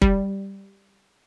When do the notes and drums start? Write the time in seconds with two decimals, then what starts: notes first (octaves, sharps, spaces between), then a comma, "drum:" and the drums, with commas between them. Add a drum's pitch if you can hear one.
0.02 G3, drum: kick